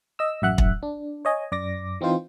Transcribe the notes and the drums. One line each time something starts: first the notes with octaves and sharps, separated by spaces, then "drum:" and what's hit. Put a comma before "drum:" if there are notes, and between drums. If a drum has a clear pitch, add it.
D#5 E6
A1 F#2 E5 F#5 F#6
drum: kick
D4
C#5 D#5 G#5
F#2 D5 D6 A#6
E3 C4 D#4 F4 C5